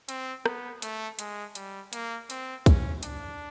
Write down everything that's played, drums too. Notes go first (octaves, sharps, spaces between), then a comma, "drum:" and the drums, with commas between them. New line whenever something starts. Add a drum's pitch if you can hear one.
C4, drum: hi-hat
B3, drum: rim click
A3, drum: hi-hat
G#3, drum: hi-hat
G3, drum: hi-hat
A#3, drum: hi-hat
C4, drum: hi-hat
C#4, drum: kick, hi-hat
D4, drum: hi-hat